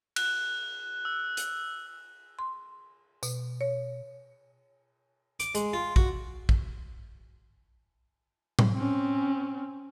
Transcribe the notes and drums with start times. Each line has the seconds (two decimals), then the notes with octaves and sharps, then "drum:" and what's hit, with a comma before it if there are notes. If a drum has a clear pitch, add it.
0.16 F#6, drum: cymbal
1.05 E6
1.37 drum: hi-hat
2.39 C6
3.23 B2, drum: tambourine
3.61 C#5
5.40 D6, drum: hi-hat
5.55 G#3, drum: hi-hat
5.73 F4
5.96 F#4, drum: kick A#1
6.49 drum: kick A#1
8.59 drum: tom A2
8.73 C4 C#4